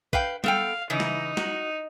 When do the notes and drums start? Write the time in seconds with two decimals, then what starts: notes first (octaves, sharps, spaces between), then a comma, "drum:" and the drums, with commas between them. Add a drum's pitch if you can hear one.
0.13 B4 F5 G5, drum: kick
0.44 B3 A4 F5 G5, drum: tom G3
0.90 C#3 E3 D#4
1.00 drum: snare
1.37 F#4, drum: snare